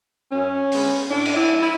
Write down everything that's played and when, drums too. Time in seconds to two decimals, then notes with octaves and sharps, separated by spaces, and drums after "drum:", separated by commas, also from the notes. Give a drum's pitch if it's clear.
0.32 F#2 C#4
0.72 D3 G#3 B3, drum: open hi-hat
1.10 A2 D4
1.25 drum: cymbal
1.36 E4
1.49 F#3 A3
1.61 E4